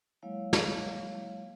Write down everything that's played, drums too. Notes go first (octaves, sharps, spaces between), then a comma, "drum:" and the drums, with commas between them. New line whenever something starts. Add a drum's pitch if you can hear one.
F#3 G#3 A#3 E4 C#5 F5
drum: snare